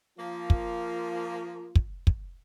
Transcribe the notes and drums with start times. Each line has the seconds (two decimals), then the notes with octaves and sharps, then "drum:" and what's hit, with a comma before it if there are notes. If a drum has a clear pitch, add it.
0.18 F3 A#3 F4
0.50 drum: kick
1.75 drum: kick
2.07 drum: kick